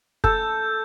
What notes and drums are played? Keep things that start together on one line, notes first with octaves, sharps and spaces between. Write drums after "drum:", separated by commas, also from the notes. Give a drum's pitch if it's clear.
A4 G6, drum: kick